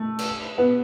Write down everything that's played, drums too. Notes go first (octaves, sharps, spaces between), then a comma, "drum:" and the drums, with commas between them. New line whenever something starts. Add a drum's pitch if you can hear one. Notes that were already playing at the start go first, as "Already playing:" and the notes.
Already playing: A3
drum: cymbal
B3